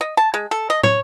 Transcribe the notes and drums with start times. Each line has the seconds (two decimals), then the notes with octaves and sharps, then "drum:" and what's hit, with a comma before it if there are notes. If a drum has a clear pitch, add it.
0.01 D#5
0.17 A5
0.34 G#3
0.51 A4
0.70 D#5
0.83 C#5, drum: tom